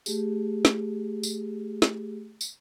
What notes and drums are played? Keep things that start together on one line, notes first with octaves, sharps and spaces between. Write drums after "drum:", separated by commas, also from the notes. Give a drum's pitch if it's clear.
A3 G4 G#4, drum: tambourine
drum: snare
drum: tambourine
drum: snare
drum: tambourine